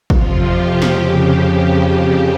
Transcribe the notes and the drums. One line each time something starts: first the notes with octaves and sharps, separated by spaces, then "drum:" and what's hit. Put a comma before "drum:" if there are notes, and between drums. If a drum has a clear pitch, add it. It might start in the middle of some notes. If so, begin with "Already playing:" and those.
F2 C3 F3 F4, drum: kick
G4
F2 C#3 F3, drum: snare